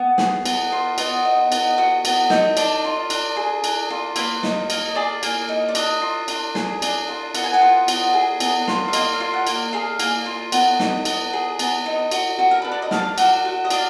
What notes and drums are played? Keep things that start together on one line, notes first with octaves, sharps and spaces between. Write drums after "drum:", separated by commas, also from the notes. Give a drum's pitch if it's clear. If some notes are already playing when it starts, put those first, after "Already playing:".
Already playing: B3
G#4, drum: snare
B3, drum: cymbal
F4
B3 D#5, drum: cymbal
D#4
B3, drum: cymbal
F#4
B3, drum: cymbal
D#4, drum: snare
D4 D5, drum: cymbal
F4
D4, drum: cymbal
G#4
D4, drum: cymbal
F4
A#3 B4, drum: cymbal
D#4, drum: snare
A#3, drum: cymbal
D#5
G#4 D5
A#3, drum: cymbal
D#4
D5
D4 D#5, drum: cymbal
F4
D4, drum: cymbal
G#4, drum: snare
D4, drum: cymbal
F4
B3 F#5, drum: cymbal
G#5
F#5
F4
B3, drum: cymbal
G#4
B3, drum: cymbal
F4, drum: snare
F5
A#3 D#5, drum: cymbal
F5
F4
F#5
A#3, drum: cymbal
G#4 F5
A#3, drum: cymbal
F4
B3, drum: cymbal
D#4, drum: snare
B3, drum: cymbal
G#4
B3, drum: cymbal
D#4
F#4, drum: cymbal
F#4
A#4
D4 B4
D5
D#5
D4 F5, drum: snare
F#4, drum: cymbal
F#4
D#5
D4 F5, drum: cymbal